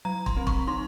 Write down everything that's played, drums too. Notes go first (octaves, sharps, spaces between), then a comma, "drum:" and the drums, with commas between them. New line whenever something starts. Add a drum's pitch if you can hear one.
F#3 A#5
C6, drum: kick
C4
C#6, drum: kick
D#4 C6